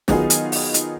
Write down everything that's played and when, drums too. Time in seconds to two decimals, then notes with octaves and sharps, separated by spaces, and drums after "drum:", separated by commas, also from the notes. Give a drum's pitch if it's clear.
0.08 D#3 F#3 B3 D#4 F4 G#4, drum: snare
0.30 drum: hi-hat
0.52 drum: open hi-hat
0.74 drum: hi-hat